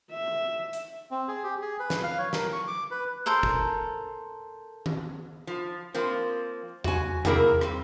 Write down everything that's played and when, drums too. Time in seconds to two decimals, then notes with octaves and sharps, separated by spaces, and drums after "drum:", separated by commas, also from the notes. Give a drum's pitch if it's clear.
0.12 E5
0.73 drum: hi-hat
1.11 C4
1.28 G#4
1.44 G4
1.62 G#4
1.80 B4
1.90 drum: snare
2.03 F5
2.18 C#5
2.33 A#4, drum: snare
2.53 C#6
2.67 D6
2.91 B4
3.26 A4 A#4 C5
3.43 drum: kick
4.86 drum: tom D#3
5.47 F3
5.94 F3 A#3 C4
6.84 F#4 G#5, drum: tom E2
7.25 C3 D#3 A#3 E4 G#4 A#4, drum: tom E2
7.61 G3 C4, drum: rim click